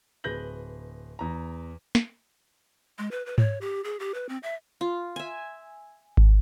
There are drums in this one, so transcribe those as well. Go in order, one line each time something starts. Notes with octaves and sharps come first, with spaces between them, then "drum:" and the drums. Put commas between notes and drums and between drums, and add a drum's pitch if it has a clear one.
D1 G#4 B4 G6 A#6 F#7
E2 A#5
drum: snare
G#3
B4
B4
C#5, drum: tom G#2
G4
G#4
G4
B4
C4
E5
F4
E5 G#5
drum: kick G#1